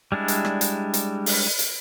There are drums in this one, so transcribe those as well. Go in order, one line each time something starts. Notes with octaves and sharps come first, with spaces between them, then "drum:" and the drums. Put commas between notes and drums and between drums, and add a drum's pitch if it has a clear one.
G3 G#3 D4 E4
drum: hi-hat
drum: rim click
drum: hi-hat
drum: hi-hat
drum: open hi-hat
drum: hi-hat